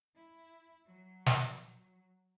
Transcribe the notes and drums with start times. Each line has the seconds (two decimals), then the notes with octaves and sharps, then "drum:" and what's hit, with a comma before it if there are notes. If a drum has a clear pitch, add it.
0.16 E4
0.88 F#3
1.26 drum: snare